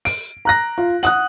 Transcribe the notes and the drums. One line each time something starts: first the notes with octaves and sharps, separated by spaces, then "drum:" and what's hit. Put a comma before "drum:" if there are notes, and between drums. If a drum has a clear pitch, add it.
D7, drum: open hi-hat
A#5 F#6 A#6
F4
F#5 D#6 F#6 F#7, drum: hi-hat